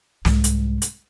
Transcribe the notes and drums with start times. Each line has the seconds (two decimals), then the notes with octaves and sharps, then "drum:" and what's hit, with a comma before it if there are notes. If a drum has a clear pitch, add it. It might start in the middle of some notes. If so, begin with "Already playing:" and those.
0.25 C2 G#2, drum: snare
0.44 drum: hi-hat
0.82 drum: hi-hat